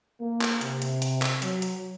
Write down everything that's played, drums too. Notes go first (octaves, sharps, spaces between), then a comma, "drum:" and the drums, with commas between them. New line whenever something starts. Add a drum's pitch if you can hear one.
A#3
drum: clap
C3, drum: hi-hat
drum: hi-hat
drum: hi-hat
drum: clap
F#3, drum: hi-hat
drum: hi-hat